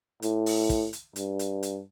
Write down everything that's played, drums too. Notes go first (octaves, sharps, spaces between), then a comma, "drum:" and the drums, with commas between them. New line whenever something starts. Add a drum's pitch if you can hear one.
A2, drum: hi-hat
drum: open hi-hat
drum: kick, hi-hat
drum: hi-hat
G2, drum: hi-hat
drum: hi-hat
drum: hi-hat